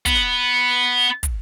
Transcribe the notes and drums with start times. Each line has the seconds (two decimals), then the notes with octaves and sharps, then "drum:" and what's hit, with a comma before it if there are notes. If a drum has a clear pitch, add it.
0.06 B3, drum: kick, hi-hat
1.23 drum: kick, hi-hat